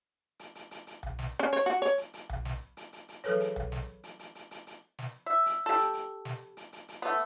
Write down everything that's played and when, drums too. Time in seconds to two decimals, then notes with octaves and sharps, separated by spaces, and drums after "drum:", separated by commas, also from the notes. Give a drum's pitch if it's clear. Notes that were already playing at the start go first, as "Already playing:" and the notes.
0.39 drum: hi-hat
0.55 drum: hi-hat
0.71 drum: hi-hat
0.87 drum: hi-hat
1.03 drum: tom B1
1.19 drum: snare
1.39 C#4
1.53 C#5, drum: hi-hat
1.66 F#4, drum: hi-hat
1.82 C#5, drum: hi-hat
1.98 drum: hi-hat
2.14 drum: hi-hat
2.29 drum: tom B1
2.45 drum: snare
2.77 drum: hi-hat
2.93 drum: hi-hat
3.09 drum: hi-hat
3.24 E3 F#3 G#4 A4 B4 C#5, drum: hi-hat
3.40 drum: hi-hat
3.56 drum: tom B1
3.72 drum: snare
4.04 drum: hi-hat
4.19 drum: hi-hat
4.35 drum: hi-hat
4.51 drum: hi-hat
4.67 drum: hi-hat
4.99 drum: snare
5.26 E5
5.46 drum: hi-hat
5.66 G4 A4
5.78 drum: hi-hat
5.94 drum: hi-hat
6.25 drum: snare
6.57 drum: hi-hat
6.73 drum: hi-hat
6.88 drum: hi-hat
7.02 A3 B3